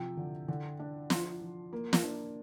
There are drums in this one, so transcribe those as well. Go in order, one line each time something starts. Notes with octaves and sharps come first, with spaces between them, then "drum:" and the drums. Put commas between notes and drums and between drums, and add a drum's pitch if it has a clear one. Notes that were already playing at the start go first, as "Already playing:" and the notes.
Already playing: C3 F3 G5
D3
D3
D4
F3 C6, drum: snare
F3
A#3
drum: snare
D4